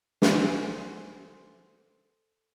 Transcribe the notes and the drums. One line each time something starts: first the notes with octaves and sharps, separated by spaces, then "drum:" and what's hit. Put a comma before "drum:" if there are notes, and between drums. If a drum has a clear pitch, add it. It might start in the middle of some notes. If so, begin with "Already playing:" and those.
G#4 A4 C5 G#5, drum: snare